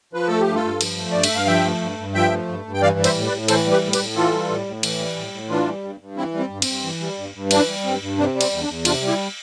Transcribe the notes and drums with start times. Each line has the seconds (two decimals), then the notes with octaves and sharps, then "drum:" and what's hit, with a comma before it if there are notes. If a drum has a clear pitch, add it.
0.13 F3 B4
0.27 A3 A4
0.41 G4
0.47 G2
0.55 F4 A4
0.64 G2
0.81 F3, drum: cymbal
0.97 A3
1.11 G2 D5
1.23 E5, drum: cymbal
1.31 G2 F5
1.47 F3 E5 G5
1.64 A3
1.81 G2
1.98 G2
2.14 F3 E5 G5
2.32 A3
2.48 G2
2.65 G2
2.74 G5
2.82 E3 D5 F5
2.98 G3
3.04 C5 E5, drum: cymbal
3.15 A2
3.26 B4 D5
3.32 A2
3.48 E3 A4 C5, drum: cymbal
3.66 G3
3.71 G4 B4
3.82 A2
3.93 G4 B4, drum: cymbal
3.99 A2
4.16 E3 F4 A4
4.33 G3
4.49 A2
4.66 A2
4.83 E3, drum: cymbal
5.00 G3
5.16 A2
5.33 A2
5.49 E3 D4 F4
5.67 G3
5.84 G2
6.00 G2
6.17 E3 C4 E4
6.34 G3
6.39 C4
6.50 G2
6.62 G2 C4, drum: cymbal
6.84 E3
7.01 G3
7.18 G2
7.34 G2
7.51 E3 D4, drum: cymbal
7.68 G3
7.84 G2 C4
8.02 G2
8.18 C3 D4
8.35 G3
8.41 C4, drum: cymbal
8.52 E2
8.63 D4
8.68 E2
8.85 C3 D4 F4, drum: cymbal
9.02 G3
9.07 E4 G4